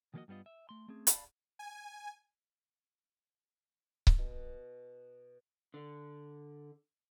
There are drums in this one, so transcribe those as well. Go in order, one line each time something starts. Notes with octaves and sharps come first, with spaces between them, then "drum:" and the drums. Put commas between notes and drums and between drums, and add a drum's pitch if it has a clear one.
D#3 F3 A#3 E4 F#4 D#5
G2 G3 B3 F4 D#5
E5
A3 C6
A3 C4 C#4 G#4
D5 F5 A5 B5, drum: hi-hat
G#5
drum: kick C#1
B2
D3